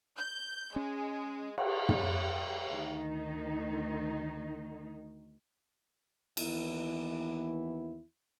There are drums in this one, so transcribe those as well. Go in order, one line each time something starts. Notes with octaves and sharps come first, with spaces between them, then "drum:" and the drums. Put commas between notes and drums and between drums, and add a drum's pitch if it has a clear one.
G6
G#3 C#4
drum: cymbal
drum: tom
D2 D#3 D#4
D#2 E3 B3 E4, drum: cymbal